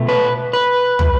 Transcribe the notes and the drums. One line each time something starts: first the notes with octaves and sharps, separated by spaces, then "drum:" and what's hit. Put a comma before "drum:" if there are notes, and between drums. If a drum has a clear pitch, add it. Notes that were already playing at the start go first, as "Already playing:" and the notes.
Already playing: B2 A3
B4
B4
drum: tom